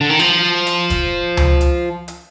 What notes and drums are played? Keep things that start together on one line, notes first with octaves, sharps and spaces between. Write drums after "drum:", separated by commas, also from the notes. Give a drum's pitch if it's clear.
D3
D#3
F3, drum: hi-hat
drum: hi-hat
drum: kick, hi-hat
drum: tom C#2
drum: hi-hat
drum: hi-hat